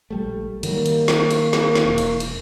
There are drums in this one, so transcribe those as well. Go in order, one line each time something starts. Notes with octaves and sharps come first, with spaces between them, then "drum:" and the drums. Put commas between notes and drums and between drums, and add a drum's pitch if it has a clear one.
A#1 G3 A3
D#3 F#3 G3 A#3, drum: cymbal
drum: cymbal
drum: snare
drum: cymbal
drum: snare
drum: snare
E1
drum: cymbal
drum: cymbal